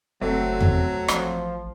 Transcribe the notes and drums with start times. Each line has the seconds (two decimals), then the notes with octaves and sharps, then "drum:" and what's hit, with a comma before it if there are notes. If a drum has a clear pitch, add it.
0.21 F#1 F#3 A3 C4
0.61 drum: tom E2
1.08 A1 F3, drum: rim click